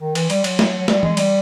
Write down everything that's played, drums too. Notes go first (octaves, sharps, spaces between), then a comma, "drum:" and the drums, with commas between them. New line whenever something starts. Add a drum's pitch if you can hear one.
D#3
E3, drum: cymbal
G3, drum: cymbal
F#3, drum: cymbal
drum: snare
F#3
G3, drum: snare
G#3, drum: tom E3
G3, drum: cymbal